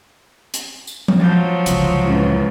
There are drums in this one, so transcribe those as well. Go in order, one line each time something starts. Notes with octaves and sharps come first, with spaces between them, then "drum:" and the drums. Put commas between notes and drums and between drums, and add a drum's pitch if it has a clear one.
drum: hi-hat
drum: tambourine
drum: tom F3
F3 F#3 G6 A6
C#2 D3, drum: hi-hat
A1 F#2 G#3 C#4 B4